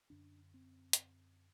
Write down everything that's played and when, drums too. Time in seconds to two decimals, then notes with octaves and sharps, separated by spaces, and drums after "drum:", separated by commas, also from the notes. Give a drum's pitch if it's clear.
0.10 F#2 D3 D4
0.54 C4
0.93 drum: hi-hat